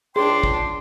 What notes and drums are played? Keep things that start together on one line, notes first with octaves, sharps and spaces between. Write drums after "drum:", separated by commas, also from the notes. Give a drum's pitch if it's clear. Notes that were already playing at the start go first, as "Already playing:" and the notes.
C#2 D4 G#4 G5 C6
drum: kick